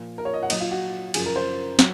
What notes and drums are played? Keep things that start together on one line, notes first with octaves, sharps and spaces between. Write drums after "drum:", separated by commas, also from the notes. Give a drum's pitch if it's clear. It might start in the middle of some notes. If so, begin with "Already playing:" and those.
Already playing: A#2 F3
A#4
C#5
D#5
F#5
A#2 F#3 D#5, drum: cymbal
F4
F#4
F#2 C#3 F3 G#4, drum: cymbal
A#4
C5
F#3, drum: snare